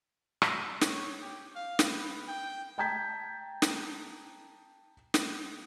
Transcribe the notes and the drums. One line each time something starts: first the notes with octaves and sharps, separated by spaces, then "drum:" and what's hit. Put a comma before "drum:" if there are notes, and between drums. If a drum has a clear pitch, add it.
drum: rim click
C#5, drum: snare
G4
F5
drum: snare
B4
G5
G5 A5 A#5 G6 G#6 B6
drum: snare
drum: snare